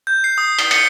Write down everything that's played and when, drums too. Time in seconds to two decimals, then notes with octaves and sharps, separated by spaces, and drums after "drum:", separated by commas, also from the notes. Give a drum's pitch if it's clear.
0.07 G6
0.24 C7
0.38 D#6
0.59 G7, drum: cymbal
0.71 C#7, drum: cymbal